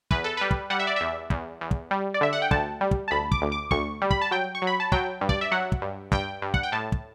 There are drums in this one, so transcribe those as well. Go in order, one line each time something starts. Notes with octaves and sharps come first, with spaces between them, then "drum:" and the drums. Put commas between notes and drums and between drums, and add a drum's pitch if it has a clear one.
E2 B4, drum: kick
A4
G3 B4
drum: kick
G3 F#5
E5
D5
E2 E5
E2, drum: kick
E2
drum: kick
G3
D5
D3 E5
F#5
G5
D2 A5, drum: kick
G3
drum: kick
A5
D2 B5
D6, drum: kick
D2
D6
D2 C#6, drum: kick
G3
B5, drum: kick
A5
F#3 G5
C#6
F#3
B5
A5
F#3 G5, drum: kick
G2
D5, drum: kick
E5
F#3 F#5
drum: kick
G2
G2 G5, drum: kick
G2
F#5, drum: kick
G5
A2 A5
drum: kick